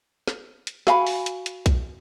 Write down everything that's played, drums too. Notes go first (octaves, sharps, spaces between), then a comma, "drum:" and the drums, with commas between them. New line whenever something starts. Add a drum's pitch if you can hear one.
drum: snare
drum: hi-hat
F#4 F5 G#5 B5, drum: snare
drum: open hi-hat
drum: hi-hat
drum: hi-hat
drum: kick B1, hi-hat